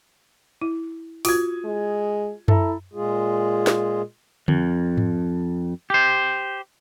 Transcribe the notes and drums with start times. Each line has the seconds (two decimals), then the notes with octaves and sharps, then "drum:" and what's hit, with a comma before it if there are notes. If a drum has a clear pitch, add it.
0.62 E4
1.25 F4 F#4 D#6 G#6, drum: open hi-hat
1.65 G#3
2.48 E4 A4 E5 A#5, drum: tom F#2
2.94 A#2 G#3 F4 G#4
3.67 drum: snare
4.48 F2, drum: tom D3
4.97 drum: tom G#2
5.90 G4 C5